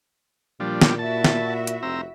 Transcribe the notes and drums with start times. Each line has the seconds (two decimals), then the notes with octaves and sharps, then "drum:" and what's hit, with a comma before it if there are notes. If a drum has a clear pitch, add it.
0.60 A#2 F3 G3 D4
0.82 drum: snare
0.98 E4 F#4 E5 A5
1.24 drum: snare
1.67 drum: hi-hat
1.83 F1 C4 A#5 E6